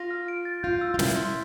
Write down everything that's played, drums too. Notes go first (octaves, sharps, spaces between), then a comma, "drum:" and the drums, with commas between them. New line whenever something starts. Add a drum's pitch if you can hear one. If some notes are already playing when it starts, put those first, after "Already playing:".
Already playing: F4 A#6
F6
D7
A6
F4 G6
E6
F4
E4 F6, drum: snare
C6